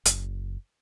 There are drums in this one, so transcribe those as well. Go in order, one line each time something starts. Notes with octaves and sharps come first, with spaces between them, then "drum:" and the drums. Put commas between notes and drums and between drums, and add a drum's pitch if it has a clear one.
F#1, drum: hi-hat